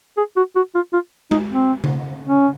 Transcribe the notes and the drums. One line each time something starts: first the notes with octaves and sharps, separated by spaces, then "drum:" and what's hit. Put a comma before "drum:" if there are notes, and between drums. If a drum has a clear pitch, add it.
G#4
F#4
F#4
F4
F4
D#4, drum: tom G#3
C4
drum: tom C#3
C#4